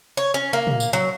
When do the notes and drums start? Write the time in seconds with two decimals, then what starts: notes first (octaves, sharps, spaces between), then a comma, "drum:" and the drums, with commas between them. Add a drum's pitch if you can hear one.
0.17 C#5
0.34 C#4
0.53 A#3
0.67 drum: tom
0.80 drum: tambourine
0.93 F#3